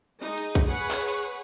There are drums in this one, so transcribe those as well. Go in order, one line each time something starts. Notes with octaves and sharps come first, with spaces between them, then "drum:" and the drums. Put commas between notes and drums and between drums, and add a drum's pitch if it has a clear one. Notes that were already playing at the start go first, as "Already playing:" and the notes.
G#3 D#4 D#5
drum: hi-hat
drum: kick A#1
G#4 B4 C#5 F#5
drum: clap
drum: hi-hat